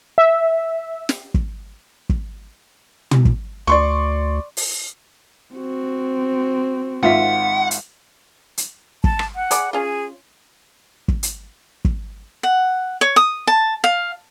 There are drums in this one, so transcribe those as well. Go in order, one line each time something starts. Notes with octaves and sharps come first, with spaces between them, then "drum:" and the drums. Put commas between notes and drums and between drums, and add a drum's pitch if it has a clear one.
E5
drum: snare
drum: kick
drum: kick
drum: tom
drum: kick
D2 D5 C6 C#6
drum: open hi-hat
C4 F#4
G#1 F4 E5 F#5 B6
drum: hi-hat
drum: hi-hat
A5, drum: kick
drum: rim click
F#5
G#4 D5 B5, drum: hi-hat
C#4 F4 G#4
drum: kick
drum: hi-hat
drum: kick
F#5
C#5
D#6
A5
F5